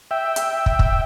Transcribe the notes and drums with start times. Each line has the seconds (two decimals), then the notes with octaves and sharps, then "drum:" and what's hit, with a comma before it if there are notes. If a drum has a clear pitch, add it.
0.11 E5 G5
0.36 drum: hi-hat
0.66 drum: kick
0.79 drum: kick